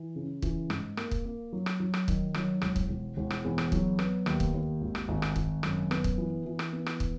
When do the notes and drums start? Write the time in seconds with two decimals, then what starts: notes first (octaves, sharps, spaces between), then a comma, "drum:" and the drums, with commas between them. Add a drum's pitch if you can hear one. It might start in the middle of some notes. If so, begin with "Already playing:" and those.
Already playing: E3
0.16 C#3
0.42 E3, drum: kick
0.70 G#2, drum: rim click
0.97 A#3, drum: rim click
1.11 drum: kick
1.25 A#3
1.53 F#3
1.66 drum: rim click
1.80 F#3
1.94 drum: rim click
2.08 D#3, drum: kick
2.34 F#3, drum: rim click
2.62 E1, drum: rim click
2.76 drum: kick
2.89 E1
3.17 E1
3.30 drum: rim click
3.45 E2
3.58 drum: rim click
3.72 F#3, drum: kick
3.99 B3, drum: rim click
4.26 D#2, drum: rim click
4.40 drum: kick
4.54 D#2
4.81 G#1
4.95 drum: rim click
5.08 G#1
5.22 drum: rim click
5.36 G#1, drum: kick
5.63 F#2, drum: rim click
5.91 B3, drum: rim click
6.04 drum: kick
6.18 E3
6.46 E3
6.59 drum: rim click
6.73 B3
6.86 drum: rim click
7.00 drum: kick